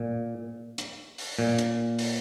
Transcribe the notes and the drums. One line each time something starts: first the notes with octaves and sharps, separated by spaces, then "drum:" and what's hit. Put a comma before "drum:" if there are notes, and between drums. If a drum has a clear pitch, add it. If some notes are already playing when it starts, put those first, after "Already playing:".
Already playing: A#2
drum: hi-hat
drum: open hi-hat
A#2
drum: hi-hat
drum: open hi-hat